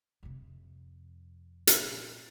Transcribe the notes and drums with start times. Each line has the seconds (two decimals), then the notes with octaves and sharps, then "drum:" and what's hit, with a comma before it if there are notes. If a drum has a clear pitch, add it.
0.23 F2 C3
1.67 A#2, drum: hi-hat